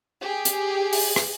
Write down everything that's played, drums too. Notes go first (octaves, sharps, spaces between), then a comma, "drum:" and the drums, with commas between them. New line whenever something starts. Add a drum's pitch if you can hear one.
G4 G#4
drum: hi-hat
drum: open hi-hat
drum: rim click